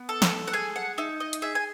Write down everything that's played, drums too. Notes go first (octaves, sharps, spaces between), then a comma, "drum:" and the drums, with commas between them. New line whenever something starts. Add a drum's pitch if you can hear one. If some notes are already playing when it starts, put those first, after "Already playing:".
Already playing: B3
A4
drum: snare
F#5
G#4 G#5
F#5
D#4 E5
D#5
drum: hi-hat
G#4 E5
G#5